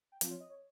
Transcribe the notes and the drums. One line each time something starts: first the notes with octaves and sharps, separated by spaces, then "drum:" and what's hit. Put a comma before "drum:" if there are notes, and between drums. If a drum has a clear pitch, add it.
G5
F3 C4 F4 F5, drum: hi-hat
C#5
D#5
C#5